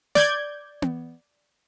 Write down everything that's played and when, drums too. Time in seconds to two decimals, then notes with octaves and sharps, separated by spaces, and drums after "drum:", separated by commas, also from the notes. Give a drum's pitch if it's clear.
0.15 D5 G6 G#6, drum: snare
0.82 drum: tom B3